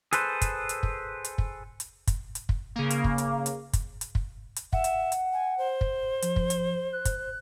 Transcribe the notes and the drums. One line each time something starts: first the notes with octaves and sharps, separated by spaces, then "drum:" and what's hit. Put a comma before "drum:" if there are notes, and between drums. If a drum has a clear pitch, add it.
G#4 A4 B4 C5, drum: hi-hat
drum: kick, hi-hat
drum: hi-hat
drum: kick
drum: hi-hat
drum: kick
drum: hi-hat
drum: kick, hi-hat
drum: hi-hat
drum: kick
C#3 A#3
drum: hi-hat
drum: kick
drum: hi-hat
drum: hi-hat
drum: kick, hi-hat
drum: hi-hat
drum: kick
drum: hi-hat
E5 F#5, drum: kick
drum: hi-hat
drum: hi-hat
G#5
C5
drum: kick
F3, drum: hi-hat
drum: kick
drum: hi-hat
F#6
drum: kick, hi-hat